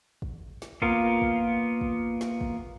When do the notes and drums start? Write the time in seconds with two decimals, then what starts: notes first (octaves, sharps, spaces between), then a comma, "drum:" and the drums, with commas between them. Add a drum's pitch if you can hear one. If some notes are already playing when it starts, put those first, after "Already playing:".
0.22 drum: kick
0.62 drum: snare
0.82 A#3 B3 F4 A#4, drum: kick
1.22 drum: kick
1.81 drum: kick
2.21 drum: snare
2.41 drum: kick